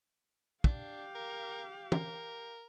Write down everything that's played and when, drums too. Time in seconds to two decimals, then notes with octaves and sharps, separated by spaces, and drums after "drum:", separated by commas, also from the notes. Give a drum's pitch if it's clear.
0.64 D4 G4 F5, drum: kick
1.15 A#4
1.92 A#4, drum: tom